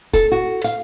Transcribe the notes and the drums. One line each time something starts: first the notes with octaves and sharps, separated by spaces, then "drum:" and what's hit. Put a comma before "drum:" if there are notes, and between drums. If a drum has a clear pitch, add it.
A4, drum: kick, hi-hat
F#4
F5, drum: hi-hat